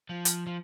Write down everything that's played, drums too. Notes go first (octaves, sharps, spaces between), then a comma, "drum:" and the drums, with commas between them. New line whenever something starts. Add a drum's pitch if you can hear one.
F3
drum: hi-hat
F3